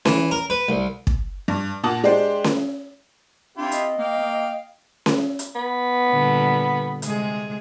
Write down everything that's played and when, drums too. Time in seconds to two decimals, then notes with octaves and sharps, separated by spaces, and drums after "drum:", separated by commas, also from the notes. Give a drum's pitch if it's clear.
0.05 E3, drum: snare C#4
0.31 A#4
0.50 B4
0.69 C2
1.07 drum: kick
1.48 G2
1.83 A#2 A#3 F#5 A5 D#6 F#7
2.04 G#3 D4 G4 C5
2.44 drum: snare C#4
3.57 C4 D4 E4 F4 G4
3.72 D#5, drum: hi-hat
3.98 A#3 F5 G5
4.19 A#3
5.06 drum: snare C#4
5.39 drum: hi-hat
5.55 B3
6.11 A#2 D3 G3
7.02 C3 G#3 G#4, drum: hi-hat